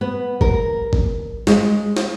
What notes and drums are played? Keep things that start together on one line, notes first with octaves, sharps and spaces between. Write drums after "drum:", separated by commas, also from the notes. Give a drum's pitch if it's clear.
B3
A#4, drum: kick G1
drum: kick G1
G#3, drum: snare
drum: snare